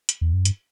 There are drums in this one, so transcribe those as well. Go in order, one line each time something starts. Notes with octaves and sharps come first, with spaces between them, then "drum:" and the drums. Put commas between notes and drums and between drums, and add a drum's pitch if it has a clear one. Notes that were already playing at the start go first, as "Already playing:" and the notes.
drum: hi-hat
E2
F#2
G2, drum: hi-hat